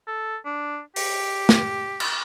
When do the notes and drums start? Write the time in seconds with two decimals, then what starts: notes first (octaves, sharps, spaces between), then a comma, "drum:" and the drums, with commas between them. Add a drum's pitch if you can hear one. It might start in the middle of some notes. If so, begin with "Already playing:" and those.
0.07 A4
0.45 D4
0.96 G4, drum: open hi-hat
1.49 drum: snare
2.00 drum: cymbal